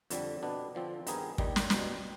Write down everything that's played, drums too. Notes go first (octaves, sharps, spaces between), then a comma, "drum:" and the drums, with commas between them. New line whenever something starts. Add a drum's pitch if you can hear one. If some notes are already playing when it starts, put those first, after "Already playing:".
F2 D3 G3, drum: hi-hat
B2 B3 D4
D3 F3 C4
G2 D#3 B3 D#4 G#4, drum: hi-hat
D#2 D#3 G3, drum: kick
drum: snare
C2 B2 G3, drum: snare